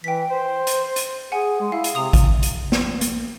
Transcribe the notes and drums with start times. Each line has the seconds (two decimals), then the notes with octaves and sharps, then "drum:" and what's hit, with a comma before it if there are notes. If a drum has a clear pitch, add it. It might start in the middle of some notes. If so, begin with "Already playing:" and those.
0.04 E3 G5 B6
0.30 C5
0.67 drum: hi-hat
0.96 drum: hi-hat
1.32 G#4 F#5 G#5
1.60 G#3
1.72 E4 F5
1.84 drum: hi-hat
1.95 C3 D#6 F7
2.13 drum: kick A1, hi-hat
2.43 drum: hi-hat
2.72 drum: snare
3.01 A#3, drum: hi-hat